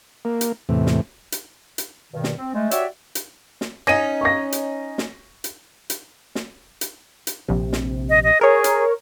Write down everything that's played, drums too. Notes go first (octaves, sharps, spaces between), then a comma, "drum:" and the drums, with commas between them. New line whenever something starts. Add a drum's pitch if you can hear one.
A#3
drum: hi-hat
E2 A2 C3
drum: snare
drum: hi-hat
drum: hi-hat
G2 B2 D#3
drum: snare
C4
G#3 A3
F#4 G4 C#5 D5 E5, drum: hi-hat
drum: hi-hat
drum: snare
C#4 D#4 A#6 D#7
C#6 A#6
drum: hi-hat
drum: snare
drum: hi-hat
drum: hi-hat
drum: snare
drum: hi-hat
drum: hi-hat
A#1 C3
drum: snare
D#5
D#5
G#4 A#4 C#5
drum: hi-hat